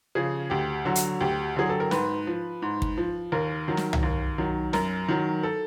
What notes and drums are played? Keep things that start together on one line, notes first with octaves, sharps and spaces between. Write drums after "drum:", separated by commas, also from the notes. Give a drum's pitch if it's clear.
C#3 F3 G#4
D2 G4
D3 F#3 F#4
drum: hi-hat
D2 G4
D3 F#3 G#4
A4
A#4
G#2 B4, drum: snare
F3
G#2
drum: kick
F3
D#2 A#4
D#3 F#3
drum: snare
drum: tom C2
D#2
D#3 F#3
F#2 A#4, drum: snare
D#3 F#3
A4